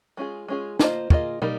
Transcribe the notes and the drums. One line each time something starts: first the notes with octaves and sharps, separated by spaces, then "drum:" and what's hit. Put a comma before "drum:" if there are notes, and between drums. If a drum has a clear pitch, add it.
G#3 C#4 F4 G#4
G#3 C#4 F4 G#4
A#3 F4 G#4 C5 D#5, drum: snare
A#3 F4 G#4 C5 D#5, drum: kick
G3 A#3 D#4 A#4, drum: tom